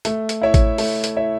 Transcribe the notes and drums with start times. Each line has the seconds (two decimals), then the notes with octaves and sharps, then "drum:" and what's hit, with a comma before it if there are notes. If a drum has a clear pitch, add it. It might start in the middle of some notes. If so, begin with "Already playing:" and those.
0.05 A3, drum: hi-hat
0.29 drum: hi-hat
0.42 E4 C#5 E5
0.54 drum: kick A1, hi-hat
0.78 A3, drum: open hi-hat
1.04 drum: hi-hat
1.16 E4 C#5 E5